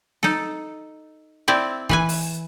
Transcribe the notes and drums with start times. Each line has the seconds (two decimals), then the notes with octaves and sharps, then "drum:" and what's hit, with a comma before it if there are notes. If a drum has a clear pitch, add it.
0.23 D#4 A4, drum: snare
1.48 C4 E4 D5
1.89 E3 B4 G#5, drum: kick
2.09 drum: open hi-hat